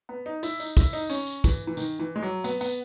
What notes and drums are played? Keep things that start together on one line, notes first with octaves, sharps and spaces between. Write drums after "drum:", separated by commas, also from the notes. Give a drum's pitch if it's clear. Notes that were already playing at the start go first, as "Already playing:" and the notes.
B3
D#4
E4, drum: tambourine
D#4, drum: tambourine
E4, drum: kick, tambourine
D#4, drum: tambourine
C#4, drum: tambourine
drum: tambourine
E3, drum: kick, tambourine
E3
D#3, drum: tambourine
E3
G#3
F#3
B3, drum: tambourine
B3, drum: tambourine